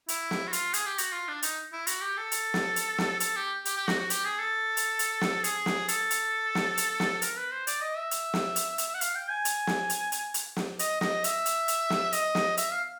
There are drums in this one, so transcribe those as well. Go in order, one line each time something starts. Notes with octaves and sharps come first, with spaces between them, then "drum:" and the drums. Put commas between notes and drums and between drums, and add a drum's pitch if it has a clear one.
E4, drum: hi-hat
drum: snare
F#4
F4, drum: hi-hat
G#4, drum: hi-hat
G4
F#4, drum: hi-hat
F4
D4
D#4, drum: hi-hat
E4
F#4, drum: hi-hat
G4
A4
drum: hi-hat
drum: snare
drum: hi-hat
drum: snare
A4, drum: hi-hat
G4
G4, drum: hi-hat
G4
F#4, drum: snare
F#4
G4, drum: hi-hat
G#4
A4
drum: hi-hat
drum: hi-hat
drum: snare
G#4, drum: hi-hat
drum: snare
A4, drum: hi-hat
drum: hi-hat
drum: snare
drum: hi-hat
drum: snare
A#4, drum: hi-hat
B4
C5
D5, drum: hi-hat
D#5
E5
drum: hi-hat
drum: snare
drum: hi-hat
drum: hi-hat
F#5
F5, drum: hi-hat
G5
G#5
drum: hi-hat
drum: snare
drum: hi-hat
drum: hi-hat
drum: hi-hat
drum: snare
D#5, drum: hi-hat
D#5, drum: snare
E5, drum: hi-hat
drum: hi-hat
drum: hi-hat
drum: snare
D#5, drum: hi-hat
drum: snare
E5, drum: hi-hat
F5